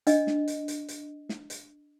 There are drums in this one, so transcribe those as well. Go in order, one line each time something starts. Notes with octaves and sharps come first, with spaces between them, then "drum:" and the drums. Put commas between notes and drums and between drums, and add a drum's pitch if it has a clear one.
D4 D#5, drum: hi-hat
drum: snare
drum: hi-hat
drum: hi-hat
drum: hi-hat
drum: snare
drum: hi-hat